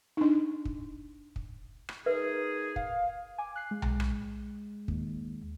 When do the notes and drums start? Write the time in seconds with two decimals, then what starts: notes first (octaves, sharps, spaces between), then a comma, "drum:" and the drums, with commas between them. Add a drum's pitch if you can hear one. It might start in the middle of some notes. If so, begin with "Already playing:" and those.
0.17 D4 D#4
0.65 drum: kick
1.36 drum: kick
1.89 drum: rim click
2.06 G#3 D#4 G#4 A#4 B4 E5
2.76 F5, drum: kick
3.38 G#5 D6
3.56 F#6 C7
3.71 G#3
3.82 drum: tom B1
4.00 drum: rim click
4.88 D#2, drum: kick